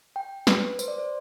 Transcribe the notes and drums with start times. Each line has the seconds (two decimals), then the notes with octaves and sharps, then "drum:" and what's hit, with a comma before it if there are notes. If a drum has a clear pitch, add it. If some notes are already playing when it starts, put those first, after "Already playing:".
0.16 G5
0.47 B4, drum: snare
0.79 C5, drum: tambourine
0.88 D5
0.98 C5